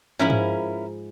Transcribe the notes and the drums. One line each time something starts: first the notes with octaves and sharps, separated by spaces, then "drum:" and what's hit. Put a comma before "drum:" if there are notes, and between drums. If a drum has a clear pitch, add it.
G#2 F3 C#4 E4 A#4 B5
drum: tom